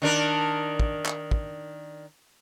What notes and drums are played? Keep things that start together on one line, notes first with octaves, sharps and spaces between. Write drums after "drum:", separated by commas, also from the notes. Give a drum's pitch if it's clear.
D#3 D4 A#4
drum: kick
drum: clap
drum: kick